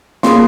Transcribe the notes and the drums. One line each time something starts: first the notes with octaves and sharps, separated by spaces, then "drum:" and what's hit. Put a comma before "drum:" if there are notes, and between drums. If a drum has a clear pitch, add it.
A#3 F4 G#4 C6, drum: snare